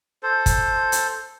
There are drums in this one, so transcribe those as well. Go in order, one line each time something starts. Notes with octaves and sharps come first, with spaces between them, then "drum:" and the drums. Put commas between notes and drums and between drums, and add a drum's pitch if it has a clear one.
A4 C5
drum: kick, hi-hat
drum: hi-hat